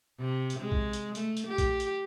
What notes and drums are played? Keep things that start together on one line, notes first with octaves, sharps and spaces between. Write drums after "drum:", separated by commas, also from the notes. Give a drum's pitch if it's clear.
C3
drum: hi-hat
G#3
drum: kick
drum: hi-hat
A3, drum: hi-hat
drum: hi-hat
G4
drum: kick, hi-hat
drum: hi-hat